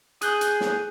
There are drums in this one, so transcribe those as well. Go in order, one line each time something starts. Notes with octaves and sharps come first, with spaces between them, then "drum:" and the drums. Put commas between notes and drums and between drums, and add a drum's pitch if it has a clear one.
G#4 D#6 F#6 G6, drum: hi-hat
drum: hi-hat
drum: snare